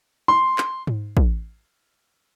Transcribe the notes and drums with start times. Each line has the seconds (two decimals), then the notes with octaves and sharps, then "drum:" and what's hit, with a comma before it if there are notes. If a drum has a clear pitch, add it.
0.28 C6
0.58 drum: clap
0.87 drum: tom G#2
1.17 drum: kick